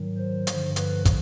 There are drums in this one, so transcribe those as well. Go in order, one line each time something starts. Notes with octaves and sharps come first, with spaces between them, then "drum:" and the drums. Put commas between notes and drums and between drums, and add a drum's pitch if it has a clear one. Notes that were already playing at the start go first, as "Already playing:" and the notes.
Already playing: G#2 D#3 F#3
C5
G2 D3 F3, drum: hi-hat
B4, drum: hi-hat
drum: kick, hi-hat